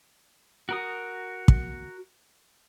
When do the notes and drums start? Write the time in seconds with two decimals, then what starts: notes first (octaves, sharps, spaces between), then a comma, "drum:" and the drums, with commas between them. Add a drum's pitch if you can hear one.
0.69 F#4 A#4 D#6
1.48 drum: kick